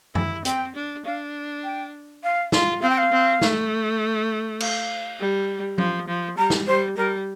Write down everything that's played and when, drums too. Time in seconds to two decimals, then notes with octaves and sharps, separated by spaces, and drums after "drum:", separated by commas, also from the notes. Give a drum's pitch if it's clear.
0.15 E4, drum: tom
0.45 C4 G5, drum: hi-hat
0.75 D4
1.05 D4 F5
1.64 G5
2.23 F5
2.52 F4, drum: snare
2.82 C4 F5
2.90 G5
2.98 F5
3.12 C4
3.41 A3, drum: snare
4.60 F5, drum: cymbal
5.19 G3
5.78 F3, drum: tom F#3
6.08 F3
6.38 G3 A#5
6.50 drum: snare
6.67 G3 C5
6.96 G3 A#4